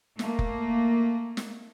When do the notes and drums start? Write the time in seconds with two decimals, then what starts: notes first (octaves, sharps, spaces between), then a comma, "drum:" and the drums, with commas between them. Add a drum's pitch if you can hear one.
0.19 A3 A#3, drum: snare
0.39 drum: kick F1
1.37 drum: snare